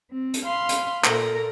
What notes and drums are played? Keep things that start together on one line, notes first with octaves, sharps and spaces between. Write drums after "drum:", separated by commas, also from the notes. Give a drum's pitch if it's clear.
C4
drum: hi-hat
F5 B5 C6 F6
drum: hi-hat
A#2 A4 A#4 A#6, drum: clap